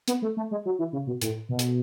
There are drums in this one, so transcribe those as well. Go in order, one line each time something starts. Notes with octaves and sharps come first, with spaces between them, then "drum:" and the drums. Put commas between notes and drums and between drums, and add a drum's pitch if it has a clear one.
B3, drum: hi-hat
A3
A3
G#3
F#3
E3
C#3
B2
A2, drum: hi-hat
B2
drum: hi-hat